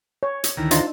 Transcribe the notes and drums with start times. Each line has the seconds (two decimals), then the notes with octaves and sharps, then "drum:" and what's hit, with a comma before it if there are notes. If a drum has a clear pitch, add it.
0.23 C#5
0.44 drum: hi-hat
0.57 D2 D#3 E3 A#5
0.71 C3 D4 D#4 F4 A4, drum: hi-hat